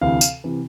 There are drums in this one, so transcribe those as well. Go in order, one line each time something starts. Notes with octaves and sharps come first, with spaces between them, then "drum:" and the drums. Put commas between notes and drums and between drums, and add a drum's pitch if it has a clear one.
D2 C3 E3 F5
drum: tambourine
C3 E3